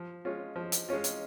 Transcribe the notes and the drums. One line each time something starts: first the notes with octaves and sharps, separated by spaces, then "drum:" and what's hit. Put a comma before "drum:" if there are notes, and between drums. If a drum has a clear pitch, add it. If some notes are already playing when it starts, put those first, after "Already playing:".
Already playing: F3
G#3 C#4 F4
F3
drum: hi-hat
G#3 C#4 F4
drum: hi-hat